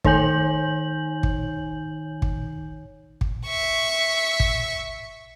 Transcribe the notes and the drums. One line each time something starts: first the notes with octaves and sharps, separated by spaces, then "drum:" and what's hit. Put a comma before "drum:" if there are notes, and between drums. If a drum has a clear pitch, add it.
D#3 D#4 C#5 G#5 G6 F#7, drum: kick
drum: kick
drum: kick
drum: kick
E5 C#6
drum: kick